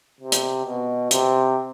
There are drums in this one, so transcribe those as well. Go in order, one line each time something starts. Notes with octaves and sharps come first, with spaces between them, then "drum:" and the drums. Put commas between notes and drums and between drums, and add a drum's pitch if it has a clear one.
C3
drum: hi-hat
B2
C3, drum: hi-hat